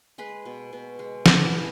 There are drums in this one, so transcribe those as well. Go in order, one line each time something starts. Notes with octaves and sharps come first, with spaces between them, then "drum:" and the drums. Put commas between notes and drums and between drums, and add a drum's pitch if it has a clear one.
G#3 G#4 B4
B2
B2
G#3
E3 B3 D4, drum: snare
E3